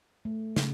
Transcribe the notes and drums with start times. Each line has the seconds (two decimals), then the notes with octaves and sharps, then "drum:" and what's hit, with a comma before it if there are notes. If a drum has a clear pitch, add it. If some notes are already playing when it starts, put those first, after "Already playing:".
0.25 A3
0.56 C#3, drum: snare